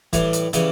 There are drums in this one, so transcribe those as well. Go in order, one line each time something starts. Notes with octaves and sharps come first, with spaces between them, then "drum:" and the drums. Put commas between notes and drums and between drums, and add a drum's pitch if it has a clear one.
A2 E3 G3, drum: kick, hi-hat
drum: hi-hat
C#3 E3 G3, drum: hi-hat